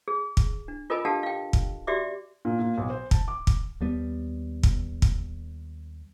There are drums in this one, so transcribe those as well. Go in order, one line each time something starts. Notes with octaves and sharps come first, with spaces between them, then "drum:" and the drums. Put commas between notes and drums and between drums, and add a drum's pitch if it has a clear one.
G#4
drum: kick
D4
F4 A4 A#4 D#5 G#5 B5
D4 G4 A4 F5 F#5 A5
F5 G5
drum: kick
F#4 G4 D5 E5 D6
A#2
A#2
B1
C5
A5, drum: kick
D6
drum: kick
D#2 G3 B3
drum: kick
drum: kick